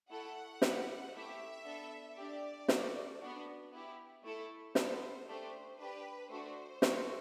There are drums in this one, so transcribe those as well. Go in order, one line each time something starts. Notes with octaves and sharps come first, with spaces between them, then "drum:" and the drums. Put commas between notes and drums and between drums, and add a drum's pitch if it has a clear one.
A3 E4 A4 F#5
B3 E4 G4, drum: snare
A3 E4 G4 E5
B3 D4 A4
D4 G4 D5
A3 D4 F#4 A4, drum: snare
B3 D4 F#4
B3 E4 G4
A3 E4 A4
B3 D4 A4 C5, drum: snare
A3 D4 G4 C5
D4 G4 B4
A3 D4 F#4 C5
C4 F#4 A4, drum: snare